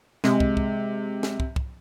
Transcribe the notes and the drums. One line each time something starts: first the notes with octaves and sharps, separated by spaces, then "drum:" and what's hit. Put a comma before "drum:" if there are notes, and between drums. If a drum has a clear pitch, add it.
C3 G#3, drum: snare
drum: kick
drum: kick
drum: snare
drum: kick
drum: kick